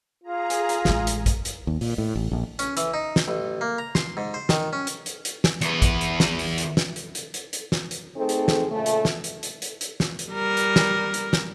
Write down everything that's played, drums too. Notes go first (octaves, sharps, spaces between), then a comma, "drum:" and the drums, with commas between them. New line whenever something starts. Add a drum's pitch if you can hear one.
F4 G#4 A#5
drum: hi-hat
drum: hi-hat
A1 G#3, drum: snare
drum: hi-hat
drum: kick, hi-hat
drum: hi-hat
D#2
A#2, drum: open hi-hat
A2
A1
A#1
C#4, drum: hi-hat
E3, drum: hi-hat
D#4
drum: snare
A1
A#3
A#5
C6, drum: snare
G#2
C5
D#3, drum: snare
C#4
drum: hi-hat
drum: hi-hat
drum: hi-hat
drum: snare
E2 B4, drum: hi-hat
drum: kick, hi-hat
drum: hi-hat
drum: snare
drum: open hi-hat
drum: hi-hat
drum: snare
drum: hi-hat
drum: hi-hat
drum: hi-hat
drum: hi-hat
drum: snare
drum: hi-hat
A3 C4 D#4 G#4 A4
drum: hi-hat
drum: snare
A#2 C#3 A3
drum: hi-hat
drum: snare
drum: hi-hat
drum: hi-hat
drum: hi-hat
drum: hi-hat
drum: snare
drum: hi-hat
G3 A#4
drum: hi-hat
drum: snare
drum: hi-hat
drum: snare